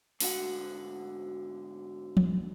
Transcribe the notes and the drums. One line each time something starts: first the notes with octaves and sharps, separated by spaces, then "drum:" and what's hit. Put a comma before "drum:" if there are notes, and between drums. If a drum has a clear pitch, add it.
G#2 D3 F#4 A4 F#5, drum: open hi-hat
drum: tom F3